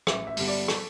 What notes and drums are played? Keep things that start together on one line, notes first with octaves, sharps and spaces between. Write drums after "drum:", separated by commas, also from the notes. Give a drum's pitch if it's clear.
A1 E5, drum: rim click
E5
G2 D3 G3 B3, drum: open hi-hat
D5
A4, drum: rim click